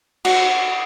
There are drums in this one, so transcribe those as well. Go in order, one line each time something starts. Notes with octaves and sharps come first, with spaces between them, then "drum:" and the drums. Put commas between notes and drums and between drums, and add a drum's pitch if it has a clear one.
F#4, drum: cymbal